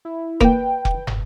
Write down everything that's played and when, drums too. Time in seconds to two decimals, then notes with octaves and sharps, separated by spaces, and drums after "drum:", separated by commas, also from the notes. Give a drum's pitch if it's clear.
0.05 E4
0.41 A#3 B4 G5, drum: kick F1
0.85 drum: kick F1
1.07 drum: tom